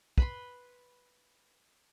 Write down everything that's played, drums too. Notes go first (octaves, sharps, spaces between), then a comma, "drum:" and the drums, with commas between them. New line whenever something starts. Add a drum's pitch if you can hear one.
B4 B5 C6, drum: kick